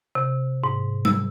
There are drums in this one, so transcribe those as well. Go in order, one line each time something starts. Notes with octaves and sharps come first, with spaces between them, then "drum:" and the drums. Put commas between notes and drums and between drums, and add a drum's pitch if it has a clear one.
C3
G#2
E6, drum: tom G3